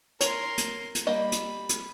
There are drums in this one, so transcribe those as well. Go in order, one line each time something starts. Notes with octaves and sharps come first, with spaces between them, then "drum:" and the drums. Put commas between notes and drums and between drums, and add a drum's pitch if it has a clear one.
A#4 C#5 C6, drum: hi-hat
drum: hi-hat
drum: hi-hat
G3 A#3 D#5 B5
drum: hi-hat
drum: hi-hat